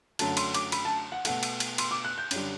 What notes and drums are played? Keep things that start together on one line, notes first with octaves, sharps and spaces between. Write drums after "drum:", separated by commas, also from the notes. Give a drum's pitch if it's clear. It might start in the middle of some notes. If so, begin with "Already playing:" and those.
F#2 D3 F#3 A3 A5, drum: cymbal
C6, drum: cymbal
D6, drum: cymbal
B5, drum: cymbal
A5
F#5
B2 A3 F#5, drum: cymbal
drum: cymbal
drum: cymbal
C6, drum: cymbal
D6
F#6
G6
F#2 D3 G3, drum: cymbal